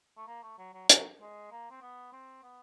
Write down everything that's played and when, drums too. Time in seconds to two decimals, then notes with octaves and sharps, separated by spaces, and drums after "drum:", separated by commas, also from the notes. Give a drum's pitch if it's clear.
0.17 A3
0.27 A#3
0.43 A3
0.58 F#3
0.74 F#3
0.89 F#3, drum: hi-hat
1.20 G#3
1.51 A#3
1.71 C4
1.81 B3
2.13 C4
2.43 B3